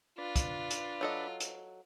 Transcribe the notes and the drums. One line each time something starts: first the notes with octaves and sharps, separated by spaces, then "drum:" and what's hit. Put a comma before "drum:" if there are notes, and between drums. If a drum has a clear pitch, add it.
D4 F4 B4
drum: kick, hi-hat
drum: hi-hat
F#3 A4 D#5
drum: hi-hat